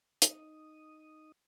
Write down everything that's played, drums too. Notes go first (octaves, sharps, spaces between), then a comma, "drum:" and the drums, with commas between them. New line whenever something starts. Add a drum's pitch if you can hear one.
D#4 D#6, drum: hi-hat